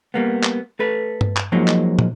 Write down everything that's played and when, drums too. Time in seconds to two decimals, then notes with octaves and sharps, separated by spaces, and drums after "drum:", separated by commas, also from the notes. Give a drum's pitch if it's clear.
0.14 G3 A#3 B3
0.43 drum: clap
0.79 A3 A4 B4
1.21 drum: tom G2
1.36 drum: clap
1.52 F3 F#3 G#3 A#3 D#4
1.67 drum: clap
1.99 drum: tom